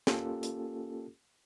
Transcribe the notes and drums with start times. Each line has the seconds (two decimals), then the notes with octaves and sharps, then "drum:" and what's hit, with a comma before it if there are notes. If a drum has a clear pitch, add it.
0.07 A#3 C#4 F4 G4 A4, drum: snare
0.43 drum: hi-hat